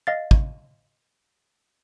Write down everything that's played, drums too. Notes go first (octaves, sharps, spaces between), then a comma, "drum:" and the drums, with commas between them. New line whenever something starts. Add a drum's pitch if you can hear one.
D#5 F5 A6
drum: kick